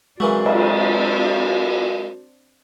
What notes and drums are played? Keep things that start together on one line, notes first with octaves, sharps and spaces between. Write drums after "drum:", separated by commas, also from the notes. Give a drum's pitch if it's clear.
C#3 E3 F#3 G#3 C4 D4 F#4 A#4
drum: cymbal